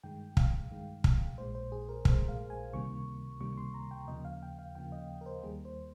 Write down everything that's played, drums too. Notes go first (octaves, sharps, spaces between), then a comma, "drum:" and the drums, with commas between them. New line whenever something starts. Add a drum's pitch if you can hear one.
G2 D#3 G#3 G5
F5, drum: kick
G2 D#3 G#3
drum: kick
A#1 A#2 G#3 C5
C5
G#4
A#4
A#1 A#2 G#3 C5, drum: kick
F5
G#5
C#2 C3 D#3 G3 A#3 C#6
C#2 C3 D#3 G3 A#3 C#6
C6
A#5
G5
D#2 C#3 F3 A#3 D#5
F5
G5
F5
D#2 C#3 F3 A#3 G5
D#5
A#4
C5
D#2 D#3 G3 A#3 G#4
C5